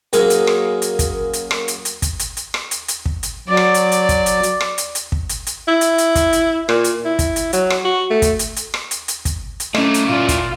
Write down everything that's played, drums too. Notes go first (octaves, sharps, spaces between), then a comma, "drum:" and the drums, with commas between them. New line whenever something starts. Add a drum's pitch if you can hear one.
F#2 A#3 G#4, drum: hi-hat
drum: hi-hat
drum: rim click
drum: hi-hat
drum: kick, hi-hat
drum: hi-hat
drum: rim click
drum: hi-hat
drum: hi-hat
drum: kick, hi-hat
drum: hi-hat
drum: hi-hat
drum: rim click
drum: hi-hat
drum: hi-hat
drum: kick
drum: hi-hat
F#3 D5
drum: rim click
drum: hi-hat
drum: hi-hat
drum: kick, hi-hat
drum: hi-hat
drum: hi-hat
drum: rim click
drum: hi-hat
drum: hi-hat
drum: kick
drum: hi-hat
drum: hi-hat
E4
drum: hi-hat
drum: hi-hat
drum: kick, hi-hat
drum: hi-hat
A#2, drum: rim click
drum: hi-hat
E4
drum: kick, hi-hat
drum: hi-hat
F#3, drum: hi-hat
drum: rim click
F#4
A3
drum: kick, hi-hat
drum: hi-hat
drum: hi-hat
drum: rim click
drum: hi-hat
drum: hi-hat
drum: kick, hi-hat
drum: hi-hat
A3 A#3 C#4 E4 D#5, drum: rim click
drum: hi-hat
A#2 F4 D5
drum: kick, hi-hat